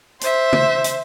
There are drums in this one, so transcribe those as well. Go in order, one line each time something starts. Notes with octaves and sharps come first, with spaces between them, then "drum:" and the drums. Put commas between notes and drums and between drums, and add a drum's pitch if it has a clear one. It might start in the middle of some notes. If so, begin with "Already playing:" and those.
C5 E5, drum: hi-hat
drum: tom C#3
drum: hi-hat